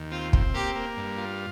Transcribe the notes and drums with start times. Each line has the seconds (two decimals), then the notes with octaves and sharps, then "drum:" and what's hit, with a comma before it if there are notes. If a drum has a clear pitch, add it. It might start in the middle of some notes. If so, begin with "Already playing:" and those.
Already playing: D#2
0.11 C4 F4
0.33 C4, drum: kick
0.54 A#3 G4
0.76 A#3
0.97 G2
1.18 F4